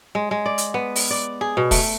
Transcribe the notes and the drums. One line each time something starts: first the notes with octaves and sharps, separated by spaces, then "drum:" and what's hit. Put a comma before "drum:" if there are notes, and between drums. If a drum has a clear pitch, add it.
G#3
G#3
D5
drum: hi-hat
B3
drum: open hi-hat
D5
G#4
B2
A3, drum: kick E1, open hi-hat